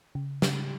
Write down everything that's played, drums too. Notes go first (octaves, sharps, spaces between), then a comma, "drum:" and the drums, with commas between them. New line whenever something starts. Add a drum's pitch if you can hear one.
C#3
C#3, drum: snare